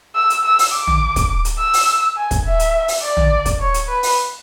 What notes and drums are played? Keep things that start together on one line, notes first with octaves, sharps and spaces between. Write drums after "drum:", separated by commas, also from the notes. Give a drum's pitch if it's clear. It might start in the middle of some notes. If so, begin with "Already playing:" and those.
E6
drum: hi-hat
E6
drum: open hi-hat
D6
drum: tom
drum: kick, hi-hat
drum: hi-hat
E6
drum: open hi-hat
G#5
drum: kick, hi-hat
E5
drum: hi-hat
drum: open hi-hat
D5
drum: tom
drum: kick, hi-hat
C#5
drum: hi-hat
B4
drum: open hi-hat